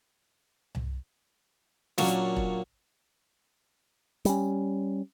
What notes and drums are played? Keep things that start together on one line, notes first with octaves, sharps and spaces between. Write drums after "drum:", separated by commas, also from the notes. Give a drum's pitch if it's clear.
drum: tom C2
A#2 F#3 A#3 C#4 D4, drum: snare
drum: kick E1
G3 C#4, drum: hi-hat